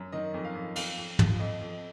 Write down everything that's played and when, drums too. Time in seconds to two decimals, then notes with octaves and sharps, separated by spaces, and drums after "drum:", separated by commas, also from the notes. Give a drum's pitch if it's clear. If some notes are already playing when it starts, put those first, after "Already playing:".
Already playing: F#2
0.12 D#3 D#5
0.34 F2
0.45 F5
0.55 F2
0.76 F2 F5, drum: cymbal
0.97 F2
1.19 F3, drum: tom
1.39 F2 D#5
1.61 F2
1.71 D#5